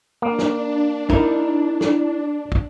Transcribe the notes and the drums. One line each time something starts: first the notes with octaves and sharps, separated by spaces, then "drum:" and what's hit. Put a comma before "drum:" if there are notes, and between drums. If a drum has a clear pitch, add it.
A#3 D4
drum: snare
D#4 E4 A#4, drum: kick
drum: snare
drum: kick